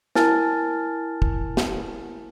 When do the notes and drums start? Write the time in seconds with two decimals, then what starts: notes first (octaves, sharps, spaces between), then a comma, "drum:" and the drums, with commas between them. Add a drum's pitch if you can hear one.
0.15 E4 A#4 G#5 A5 F6 A6, drum: snare
1.22 drum: kick
1.57 drum: snare